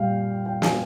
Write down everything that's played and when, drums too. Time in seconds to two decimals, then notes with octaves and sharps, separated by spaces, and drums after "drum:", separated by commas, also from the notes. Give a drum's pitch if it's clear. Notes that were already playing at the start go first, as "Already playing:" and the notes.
Already playing: A#2 G3 F5 G5
0.46 G5
0.62 G#5, drum: snare